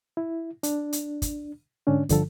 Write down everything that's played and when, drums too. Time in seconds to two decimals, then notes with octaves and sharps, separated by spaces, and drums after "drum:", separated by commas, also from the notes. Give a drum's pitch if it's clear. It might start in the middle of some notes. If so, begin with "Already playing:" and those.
0.17 E4
0.63 D4, drum: hi-hat
0.93 drum: hi-hat
1.22 drum: kick, hi-hat
1.87 G#2 D3 C#4 D4
2.09 G2 D3 F3 A4, drum: kick, hi-hat